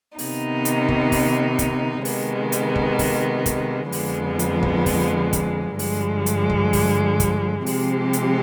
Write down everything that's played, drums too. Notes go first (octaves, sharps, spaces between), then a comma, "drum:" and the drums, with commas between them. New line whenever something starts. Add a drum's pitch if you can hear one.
C3 D#3 B3 D#4, drum: open hi-hat
drum: hi-hat
drum: kick
drum: kick, open hi-hat
drum: kick, hi-hat
C3 D#3 G#3 B3, drum: open hi-hat
drum: hi-hat
drum: kick
drum: kick, open hi-hat
drum: kick, hi-hat
F2 D3 F3 G#3 B3, drum: open hi-hat
drum: hi-hat
drum: kick
drum: kick, open hi-hat
drum: kick, hi-hat
G2 D3 F3 G#3, drum: open hi-hat
drum: hi-hat
drum: kick
drum: kick, open hi-hat
drum: kick, hi-hat
C3 F3 G#3 C4 G4, drum: open hi-hat
drum: hi-hat